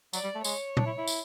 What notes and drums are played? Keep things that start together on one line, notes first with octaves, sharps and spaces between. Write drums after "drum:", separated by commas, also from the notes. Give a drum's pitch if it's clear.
F#3 D5, drum: tambourine
G3
A3
G#3 C#5, drum: tambourine
D4, drum: tom A#2
E4
E4
drum: tambourine